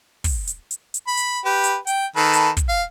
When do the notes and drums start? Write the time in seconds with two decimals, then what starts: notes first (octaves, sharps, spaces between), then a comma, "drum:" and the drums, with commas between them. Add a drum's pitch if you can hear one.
0.24 drum: kick, open hi-hat
0.47 drum: hi-hat
0.71 drum: hi-hat
0.94 drum: hi-hat
1.07 B5
1.17 drum: hi-hat
1.45 G4 B4
1.64 drum: hi-hat
1.87 G5, drum: hi-hat
2.16 D#3 A4 B4
2.33 drum: hi-hat
2.57 drum: kick, hi-hat
2.69 F5